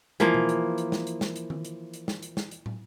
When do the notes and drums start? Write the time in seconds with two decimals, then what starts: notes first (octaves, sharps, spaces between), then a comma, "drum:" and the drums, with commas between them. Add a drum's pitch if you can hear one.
0.20 E3 F3 A#3, drum: hi-hat
0.34 drum: tom B2
0.49 drum: hi-hat
0.78 drum: hi-hat
0.92 drum: snare
1.07 drum: hi-hat
1.21 drum: snare
1.36 drum: hi-hat
1.50 drum: tom D#3
1.65 drum: hi-hat
1.93 drum: hi-hat
2.08 drum: snare
2.22 drum: hi-hat
2.37 drum: snare
2.51 drum: hi-hat
2.66 drum: tom